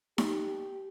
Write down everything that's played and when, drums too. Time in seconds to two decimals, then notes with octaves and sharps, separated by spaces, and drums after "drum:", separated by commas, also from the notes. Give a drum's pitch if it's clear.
0.18 G4, drum: snare D#4